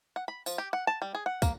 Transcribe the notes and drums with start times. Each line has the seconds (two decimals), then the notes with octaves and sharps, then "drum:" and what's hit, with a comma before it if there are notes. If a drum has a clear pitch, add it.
0.16 F#5
0.28 B5
0.46 F3, drum: tambourine
0.58 G4
0.73 F#5
0.87 A5
1.02 G3
1.15 G#4
1.26 F#5
1.42 A#3, drum: kick, tambourine